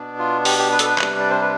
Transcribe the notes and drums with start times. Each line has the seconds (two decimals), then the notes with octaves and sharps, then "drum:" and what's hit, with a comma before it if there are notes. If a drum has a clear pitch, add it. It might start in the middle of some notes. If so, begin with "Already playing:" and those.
Already playing: B2 B3 D4
0.19 F4
0.45 G4, drum: open hi-hat
0.59 G4
0.72 B4
0.79 A4, drum: hi-hat
0.85 B4
0.98 C3 G3 D4, drum: clap
1.20 D5
1.30 C5
1.41 B4